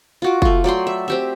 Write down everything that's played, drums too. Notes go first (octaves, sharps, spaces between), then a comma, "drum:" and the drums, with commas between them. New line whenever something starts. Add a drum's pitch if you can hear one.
F4 F#4 D6
A3 F4, drum: kick
F#3 D5 G5 C6
E5
C4 G4 E5